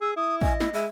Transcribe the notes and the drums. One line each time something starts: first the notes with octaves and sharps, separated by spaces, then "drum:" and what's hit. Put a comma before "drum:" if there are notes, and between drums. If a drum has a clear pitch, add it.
G#4 E6
E4 D#6
D#5 G#5, drum: kick
E4, drum: snare
G#3 E5